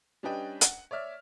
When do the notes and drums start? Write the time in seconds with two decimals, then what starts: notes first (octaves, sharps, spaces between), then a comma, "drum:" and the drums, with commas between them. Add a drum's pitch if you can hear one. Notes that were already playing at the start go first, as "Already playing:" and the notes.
0.23 G3 C#4 D4 B4 D#5 G5
0.61 F#5, drum: hi-hat
0.91 C#5 D5 E5 F6